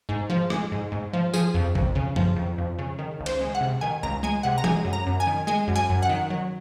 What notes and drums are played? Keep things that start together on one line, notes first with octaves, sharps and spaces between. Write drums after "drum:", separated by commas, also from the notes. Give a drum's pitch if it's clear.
G#2
F3
G#3, drum: rim click
G#2
G#2
F3
F3 G#4, drum: tambourine
F2
F2, drum: kick
C#3
F3, drum: tom F#2
F2
F2
C#3
D#3
C#2
C5, drum: cymbal
G#3
F#5
C3
D#3 G#5
C#2 A#5
G#3 G#5
C3 F#5
A#5
G#3 G#5, drum: tom
F#2
A#5
F#2
G#5
D#3
G#3 G#5
F#2
G#5, drum: hi-hat
F#2
F#5
D#3
F#3